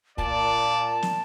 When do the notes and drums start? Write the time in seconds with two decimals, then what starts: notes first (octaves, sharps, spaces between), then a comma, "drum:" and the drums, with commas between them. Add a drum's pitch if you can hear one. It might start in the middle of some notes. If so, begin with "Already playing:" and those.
0.18 A#2 D5 A5, drum: kick
1.02 drum: snare